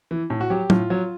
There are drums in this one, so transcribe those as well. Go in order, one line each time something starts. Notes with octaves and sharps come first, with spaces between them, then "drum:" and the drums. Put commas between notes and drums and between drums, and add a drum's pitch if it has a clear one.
E3
A2
F#4
F#3 G4
A2 F4, drum: tom
F#3